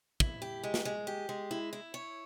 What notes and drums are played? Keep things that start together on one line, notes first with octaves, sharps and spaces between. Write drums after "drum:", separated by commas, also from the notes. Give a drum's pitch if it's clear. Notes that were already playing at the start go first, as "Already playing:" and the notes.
E4, drum: kick
G4
G#3
drum: snare
G#3
G4
G#3
E4
E4
C#5